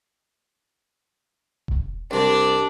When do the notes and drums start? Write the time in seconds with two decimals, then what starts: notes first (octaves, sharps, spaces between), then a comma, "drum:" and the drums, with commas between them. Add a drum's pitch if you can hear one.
1.68 drum: kick E1
2.11 C2 C3 D4 D5